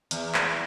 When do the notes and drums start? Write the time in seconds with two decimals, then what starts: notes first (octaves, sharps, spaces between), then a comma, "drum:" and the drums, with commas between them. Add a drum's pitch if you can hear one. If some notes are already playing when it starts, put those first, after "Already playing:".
0.11 E2, drum: hi-hat
0.34 drum: clap